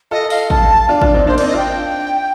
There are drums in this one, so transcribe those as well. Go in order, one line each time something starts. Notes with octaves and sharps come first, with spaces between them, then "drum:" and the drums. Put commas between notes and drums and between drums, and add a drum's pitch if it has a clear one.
F4 A4 D#5
F5, drum: open hi-hat
A5, drum: kick
D4 F4 D5
D4 F4, drum: kick
C4 D#4
A#3 D4 C5
C4 D#4 D5, drum: cymbal
D#5
D4 F4 G5